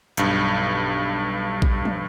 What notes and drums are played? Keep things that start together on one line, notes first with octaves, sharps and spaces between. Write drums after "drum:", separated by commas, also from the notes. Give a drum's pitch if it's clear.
B1 G2, drum: hi-hat
drum: kick A#1
drum: tom